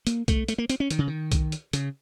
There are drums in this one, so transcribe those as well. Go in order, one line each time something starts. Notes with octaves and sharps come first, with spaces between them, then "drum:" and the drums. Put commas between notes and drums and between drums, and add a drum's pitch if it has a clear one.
A#3, drum: hi-hat
A3, drum: kick, hi-hat
A3, drum: hi-hat
A#3
C4, drum: hi-hat
C#4
D#3, drum: hi-hat
C#3
D#3
drum: kick, hi-hat
drum: hi-hat
C#3, drum: hi-hat